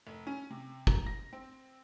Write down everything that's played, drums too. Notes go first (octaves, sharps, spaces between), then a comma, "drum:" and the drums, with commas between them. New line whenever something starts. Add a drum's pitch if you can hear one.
F1
C#4
C3
A#5, drum: kick
A#6
C4